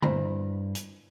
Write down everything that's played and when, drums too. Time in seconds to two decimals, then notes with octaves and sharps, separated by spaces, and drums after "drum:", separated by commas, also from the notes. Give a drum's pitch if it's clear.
0.02 G2 E4 C5 A#5 B5, drum: tom D3
0.75 drum: hi-hat